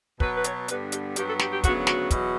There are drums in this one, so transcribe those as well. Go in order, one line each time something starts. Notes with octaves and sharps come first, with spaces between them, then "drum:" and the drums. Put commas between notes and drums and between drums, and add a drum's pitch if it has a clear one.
B2 F#3 B3 B4, drum: kick
B4
C#5, drum: hi-hat
G2 D3 G3 B3 B4, drum: hi-hat
G4, drum: hi-hat
G2 F#3 B3 G4, drum: hi-hat
A4
G4, drum: snare
G4
D2 C#3 F#3 B3 F#4, drum: kick, hi-hat
F#4, drum: snare
E2 B2 F#3, drum: kick, hi-hat